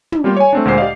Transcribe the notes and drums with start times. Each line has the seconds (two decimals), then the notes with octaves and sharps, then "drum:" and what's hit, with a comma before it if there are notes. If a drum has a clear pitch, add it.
0.12 drum: tom
0.24 G3 A#3 F4 G4
0.37 C#5 G#5
0.53 A3 C4 D4
0.65 D2 A#2 G#3 C5 C7
0.78 G4 D5 D#5 F5